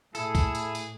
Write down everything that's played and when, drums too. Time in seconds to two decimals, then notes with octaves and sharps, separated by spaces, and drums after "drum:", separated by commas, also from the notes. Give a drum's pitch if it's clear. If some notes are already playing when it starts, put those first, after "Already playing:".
0.15 A2 E4 G#4 A4, drum: tambourine
0.35 drum: kick, tambourine
0.55 drum: tambourine
0.75 drum: tambourine